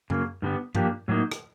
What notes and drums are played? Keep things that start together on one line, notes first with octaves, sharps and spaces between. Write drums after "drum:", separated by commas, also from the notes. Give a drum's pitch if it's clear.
C#3 F#3 A#3, drum: tom F#2
G2 D3 G3 B3
F3 A#3 D4 G4, drum: tom G2
A2 F#3 A#3 D#4
drum: rim click